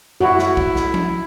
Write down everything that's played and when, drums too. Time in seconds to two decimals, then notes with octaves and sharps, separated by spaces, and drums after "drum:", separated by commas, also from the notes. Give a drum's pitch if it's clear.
0.20 E4 F#4, drum: tom F#2
0.39 drum: snare
0.57 drum: kick A#1
0.76 drum: snare
0.94 drum: tom